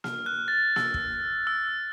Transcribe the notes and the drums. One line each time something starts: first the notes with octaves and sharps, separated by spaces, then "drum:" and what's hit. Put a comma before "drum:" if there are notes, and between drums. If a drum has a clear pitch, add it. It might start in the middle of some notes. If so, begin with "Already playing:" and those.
F6, drum: snare A#3
F#6
A6
E6, drum: snare A#3
drum: kick
E6